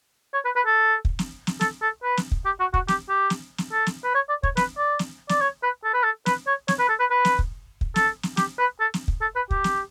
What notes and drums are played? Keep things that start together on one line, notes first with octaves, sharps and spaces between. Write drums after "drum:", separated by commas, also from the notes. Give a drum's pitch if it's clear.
C#5
B4
B4
A4
drum: kick
drum: snare
drum: snare
A4, drum: snare
A4
B4
drum: snare
drum: kick
G4
F#4
F#4, drum: kick
G4, drum: snare
G4
drum: snare
drum: snare
A4
drum: snare
B4
C#5
D5
C#5, drum: kick
B4, drum: snare
D5
drum: snare
D5, drum: snare
C#5
B4
A4
B4
A4
B4, drum: snare
C#5
C#5, drum: snare
B4
A4
B4
B4
drum: snare
drum: kick
drum: kick
A4, drum: snare
drum: snare
G4, drum: snare
B4
A4
drum: snare
drum: kick
A4
B4
G4, drum: kick
drum: snare